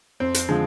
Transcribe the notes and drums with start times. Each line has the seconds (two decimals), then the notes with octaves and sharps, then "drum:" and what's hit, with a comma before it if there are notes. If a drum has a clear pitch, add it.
0.20 F2 C4
0.34 drum: hi-hat
0.49 D3 F3 G#3